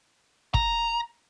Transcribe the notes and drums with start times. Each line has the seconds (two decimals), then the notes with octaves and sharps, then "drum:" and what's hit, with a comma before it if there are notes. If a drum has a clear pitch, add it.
0.54 A#5, drum: kick